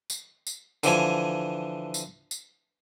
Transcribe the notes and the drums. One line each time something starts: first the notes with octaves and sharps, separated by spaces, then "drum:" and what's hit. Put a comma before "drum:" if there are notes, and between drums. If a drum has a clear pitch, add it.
drum: tambourine
drum: tambourine
D3 E3 F3 G#5, drum: tambourine
drum: tambourine
drum: tambourine